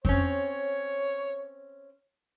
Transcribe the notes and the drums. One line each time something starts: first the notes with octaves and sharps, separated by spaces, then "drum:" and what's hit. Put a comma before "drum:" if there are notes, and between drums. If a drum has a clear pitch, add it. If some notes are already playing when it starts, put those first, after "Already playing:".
C4 C#4 C#5, drum: kick F2